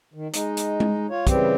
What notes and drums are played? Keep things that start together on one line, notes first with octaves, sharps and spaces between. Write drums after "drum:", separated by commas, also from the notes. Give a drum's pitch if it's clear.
D#3
G#3 D#4, drum: hi-hat
drum: hi-hat
drum: tom G#3
F4 C#5
C#3 E3 G3 C4 G4, drum: kick, hi-hat